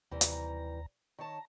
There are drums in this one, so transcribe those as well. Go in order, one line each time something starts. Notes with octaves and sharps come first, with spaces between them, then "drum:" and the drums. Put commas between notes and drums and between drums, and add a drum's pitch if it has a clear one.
D#2 C3 E3 G3 A#5
drum: hi-hat
D#3 C#5 A5 A#5